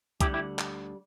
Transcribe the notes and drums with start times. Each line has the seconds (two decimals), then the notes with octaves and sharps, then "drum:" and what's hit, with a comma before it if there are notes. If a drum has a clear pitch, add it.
0.21 D2 D3 G3 E4 G4, drum: kick, hi-hat
0.34 E4 G4
0.59 drum: clap